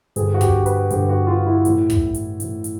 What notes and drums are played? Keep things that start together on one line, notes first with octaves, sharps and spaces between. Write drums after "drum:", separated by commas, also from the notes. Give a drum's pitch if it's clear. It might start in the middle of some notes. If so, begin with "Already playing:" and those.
G2 D3 G#4, drum: hi-hat
F#4
G4, drum: kick, hi-hat
B4, drum: hi-hat
G2 D3 G4, drum: hi-hat
F#4
F4
E4
A2 E3, drum: hi-hat
drum: kick, hi-hat
drum: hi-hat
A2 E3, drum: hi-hat
drum: hi-hat